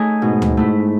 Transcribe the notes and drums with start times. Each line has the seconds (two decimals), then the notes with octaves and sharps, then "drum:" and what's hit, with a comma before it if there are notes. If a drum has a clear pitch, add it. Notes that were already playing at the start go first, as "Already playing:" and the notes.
Already playing: A3 C#4 D#4 G#4
0.22 G#2 B2
0.42 drum: tom D2
0.57 A3 E4